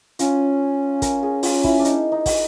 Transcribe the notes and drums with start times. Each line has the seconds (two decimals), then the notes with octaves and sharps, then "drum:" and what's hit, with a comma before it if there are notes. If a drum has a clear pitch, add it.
0.19 C#4 F4, drum: hi-hat
1.02 A#4, drum: kick, hi-hat
1.23 G#4
1.43 F4, drum: open hi-hat
1.64 E4, drum: kick
1.79 D4
1.85 D#4, drum: hi-hat
2.12 D#4
2.26 drum: kick, open hi-hat